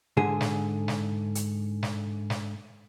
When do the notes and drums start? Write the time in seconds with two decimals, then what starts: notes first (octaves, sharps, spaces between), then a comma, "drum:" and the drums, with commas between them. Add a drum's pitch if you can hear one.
0.17 G#2 D3 G#4
0.41 drum: snare
0.88 drum: snare
1.35 drum: hi-hat
1.83 drum: snare
2.30 drum: snare